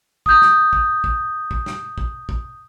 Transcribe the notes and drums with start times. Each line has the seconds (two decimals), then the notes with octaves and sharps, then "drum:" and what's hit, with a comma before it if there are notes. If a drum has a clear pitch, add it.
0.26 D#6 G6, drum: kick
0.42 drum: snare
0.73 drum: kick
1.04 drum: kick
1.51 drum: kick
1.66 drum: snare
1.98 drum: kick
2.29 drum: kick